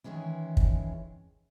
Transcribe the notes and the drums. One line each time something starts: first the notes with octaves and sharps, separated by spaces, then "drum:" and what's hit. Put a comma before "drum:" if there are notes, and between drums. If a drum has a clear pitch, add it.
D#3 E3 G#3 C#4 E4
drum: kick